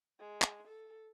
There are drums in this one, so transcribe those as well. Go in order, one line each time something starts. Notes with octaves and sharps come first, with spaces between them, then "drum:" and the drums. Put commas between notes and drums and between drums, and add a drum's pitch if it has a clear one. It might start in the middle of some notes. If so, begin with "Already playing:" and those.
G#3
drum: clap
A4